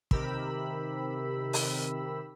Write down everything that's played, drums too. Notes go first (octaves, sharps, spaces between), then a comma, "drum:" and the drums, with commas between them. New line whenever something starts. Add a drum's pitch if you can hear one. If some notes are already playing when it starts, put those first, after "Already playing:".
C3 D#3 G4 A#4 B5 E6, drum: kick
drum: open hi-hat